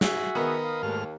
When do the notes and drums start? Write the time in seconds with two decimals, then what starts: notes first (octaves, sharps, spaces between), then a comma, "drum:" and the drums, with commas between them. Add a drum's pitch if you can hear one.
0.01 F#4 G#4 E5, drum: snare
0.35 D#3 B3 B4 D#5 A#5
0.63 F5
0.83 D#2 G#2 A3 F6